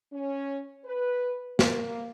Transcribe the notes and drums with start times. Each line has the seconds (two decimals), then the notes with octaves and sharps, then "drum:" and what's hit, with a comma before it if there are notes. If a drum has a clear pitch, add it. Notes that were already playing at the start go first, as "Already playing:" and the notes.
0.12 C#4
0.85 B4
1.59 A#3, drum: snare